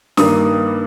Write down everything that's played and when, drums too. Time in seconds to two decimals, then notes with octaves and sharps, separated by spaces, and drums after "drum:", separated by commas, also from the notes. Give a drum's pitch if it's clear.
0.17 G2 D#3 G3 A#3 D#6, drum: snare